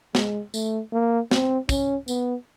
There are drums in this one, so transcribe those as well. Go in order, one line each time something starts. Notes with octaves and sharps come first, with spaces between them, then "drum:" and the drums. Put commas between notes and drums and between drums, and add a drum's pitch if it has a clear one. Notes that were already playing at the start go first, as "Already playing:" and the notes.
G#3, drum: snare
A3, drum: tambourine
A#3
C4, drum: snare
C#4, drum: kick, tambourine
B3, drum: tambourine